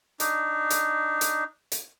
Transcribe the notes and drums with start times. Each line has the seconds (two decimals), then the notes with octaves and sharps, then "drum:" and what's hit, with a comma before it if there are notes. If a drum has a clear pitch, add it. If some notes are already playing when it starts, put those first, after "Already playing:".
0.20 D4 D#4, drum: hi-hat
0.70 drum: hi-hat
1.21 drum: hi-hat
1.72 drum: hi-hat